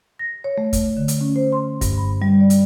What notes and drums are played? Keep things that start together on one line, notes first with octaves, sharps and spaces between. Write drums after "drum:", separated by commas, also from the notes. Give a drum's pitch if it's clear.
A#6
C#5
A3
C#5, drum: kick, hi-hat
D3
drum: hi-hat
C#4
C5
C6
G2, drum: kick, hi-hat
B5
G3
D5
drum: hi-hat